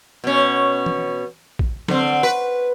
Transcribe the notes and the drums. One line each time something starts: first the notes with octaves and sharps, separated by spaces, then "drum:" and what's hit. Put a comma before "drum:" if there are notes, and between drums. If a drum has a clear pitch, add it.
B2 C#4
drum: tom
drum: kick A#1
D3 C4, drum: snare
B4